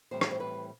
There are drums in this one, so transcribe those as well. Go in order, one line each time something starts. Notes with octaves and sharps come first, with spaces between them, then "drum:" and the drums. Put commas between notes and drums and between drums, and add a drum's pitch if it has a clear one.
A2 E3 G3 C4 C5
C#5, drum: rim click
C5
B4